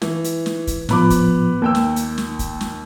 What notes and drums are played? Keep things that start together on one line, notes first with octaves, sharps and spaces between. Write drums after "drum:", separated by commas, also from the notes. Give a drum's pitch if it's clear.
E3, drum: snare
drum: hi-hat
drum: snare
drum: kick, hi-hat
A2 F3 B3 B5 D6, drum: snare
drum: kick, hi-hat
D#2 A#3 G5 E6
drum: snare
drum: hi-hat
drum: snare
drum: kick, hi-hat
drum: snare